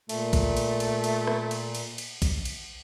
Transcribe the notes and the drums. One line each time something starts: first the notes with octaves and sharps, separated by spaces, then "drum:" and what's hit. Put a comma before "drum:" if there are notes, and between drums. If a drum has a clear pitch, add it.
A#2 A3, drum: cymbal
drum: kick A#1, cymbal
drum: cymbal
drum: cymbal
drum: cymbal
drum: rim click
drum: cymbal
drum: cymbal
drum: cymbal
drum: kick A#1, cymbal
drum: cymbal